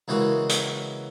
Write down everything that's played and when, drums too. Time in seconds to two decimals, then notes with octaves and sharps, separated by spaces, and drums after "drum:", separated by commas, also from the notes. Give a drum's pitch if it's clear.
0.08 C#3 E3 G#3 A#3 F#4
0.49 drum: hi-hat